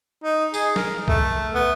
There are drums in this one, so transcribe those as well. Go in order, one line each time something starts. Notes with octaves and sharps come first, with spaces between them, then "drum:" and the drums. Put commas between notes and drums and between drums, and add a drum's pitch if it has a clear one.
D#4
G#4, drum: tambourine
A#4, drum: snare
A3, drum: kick C2
B3